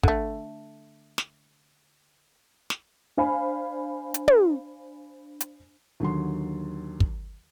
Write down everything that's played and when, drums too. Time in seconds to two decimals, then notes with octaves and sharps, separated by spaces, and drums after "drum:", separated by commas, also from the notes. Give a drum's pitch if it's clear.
0.03 D3 A3, drum: kick
1.18 drum: snare
2.70 drum: snare
3.17 D4 C5 F5 G#5 B5
4.14 drum: hi-hat
4.28 drum: tom
5.41 drum: hi-hat
6.00 D#2 D3 F#3 C6
7.00 drum: kick